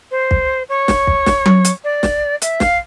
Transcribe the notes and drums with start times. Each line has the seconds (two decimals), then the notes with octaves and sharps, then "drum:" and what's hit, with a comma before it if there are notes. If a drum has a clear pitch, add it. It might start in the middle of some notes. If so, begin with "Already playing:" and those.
0.11 C5
0.31 drum: kick
0.69 C#5
0.88 drum: snare
1.07 drum: kick
1.26 drum: snare
1.46 drum: tom F#3
1.65 drum: hi-hat
1.84 D5
2.03 drum: snare
2.42 E5, drum: hi-hat
2.60 F5, drum: snare